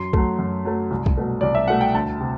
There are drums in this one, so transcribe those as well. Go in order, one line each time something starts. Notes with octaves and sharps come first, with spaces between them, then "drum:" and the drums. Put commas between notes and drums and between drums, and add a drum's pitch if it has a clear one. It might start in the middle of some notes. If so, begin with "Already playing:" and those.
Already playing: F#2 C6
F#3 A3, drum: kick B1
F#2
F#3 A3
C2
drum: kick B1
B2 A3
C2 D5
E5
B2 A3 F#5
G5
D2 A5
C3